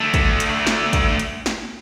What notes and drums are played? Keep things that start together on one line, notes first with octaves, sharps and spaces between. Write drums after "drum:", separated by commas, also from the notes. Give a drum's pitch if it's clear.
D3 A3
drum: kick, hi-hat
drum: hi-hat
drum: snare
drum: kick, hi-hat
drum: hi-hat
drum: snare